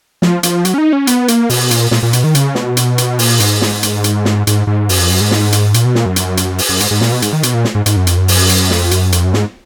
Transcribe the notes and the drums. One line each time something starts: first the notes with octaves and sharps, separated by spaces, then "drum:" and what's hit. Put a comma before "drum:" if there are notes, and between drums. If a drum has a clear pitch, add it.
F3, drum: snare
F3, drum: hi-hat
F#3, drum: hi-hat
C#4
D#4
C#4
B3, drum: hi-hat
A#3, drum: hi-hat
B2, drum: open hi-hat
A#2, drum: hi-hat
A#2, drum: snare
A#2
B2, drum: hi-hat
D#3
C#3, drum: hi-hat
B2, drum: snare
drum: hi-hat
drum: hi-hat
A#2, drum: open hi-hat
G#2, drum: hi-hat
drum: snare
drum: hi-hat
drum: hi-hat
drum: snare
G#2, drum: hi-hat
G#2
F#2, drum: open hi-hat
F2
F#2
G#2
drum: snare
drum: hi-hat
A#2, drum: hi-hat
B2
A#2, drum: snare
F#2
drum: hi-hat
drum: hi-hat
drum: open hi-hat
F#2
G#2, drum: hi-hat
G#2
A#2, drum: snare
B2
G#2, drum: hi-hat
D#3
B2, drum: hi-hat
A#2
drum: snare
G#2
G#2, drum: hi-hat
F#2
F2, drum: hi-hat
F#2
drum: open hi-hat
drum: hi-hat
F2, drum: snare
F#2, drum: hi-hat
F2, drum: hi-hat
F#2
G#2, drum: snare